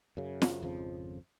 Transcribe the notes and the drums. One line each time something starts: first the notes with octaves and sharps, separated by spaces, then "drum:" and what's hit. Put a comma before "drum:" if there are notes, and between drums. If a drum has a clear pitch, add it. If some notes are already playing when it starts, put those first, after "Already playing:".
F#2 C#3
drum: snare
G#1 F2 C#3 F3